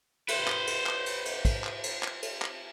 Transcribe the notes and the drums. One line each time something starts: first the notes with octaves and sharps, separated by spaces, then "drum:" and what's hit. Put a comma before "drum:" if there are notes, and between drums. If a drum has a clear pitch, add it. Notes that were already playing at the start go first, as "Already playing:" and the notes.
B4 C5, drum: cymbal
drum: clap
drum: cymbal
drum: clap
drum: cymbal
drum: cymbal
drum: kick, cymbal
drum: clap
drum: cymbal
drum: clap
drum: cymbal
drum: clap